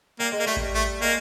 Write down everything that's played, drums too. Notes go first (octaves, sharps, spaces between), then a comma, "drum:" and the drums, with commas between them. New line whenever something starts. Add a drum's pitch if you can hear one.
G3 A#3
G#3
A#3
G3 A3
drum: kick A1
A3
G#3 A#3